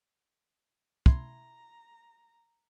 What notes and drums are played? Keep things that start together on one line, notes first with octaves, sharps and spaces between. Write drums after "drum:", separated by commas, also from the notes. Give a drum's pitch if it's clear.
E4 A#5 C6, drum: kick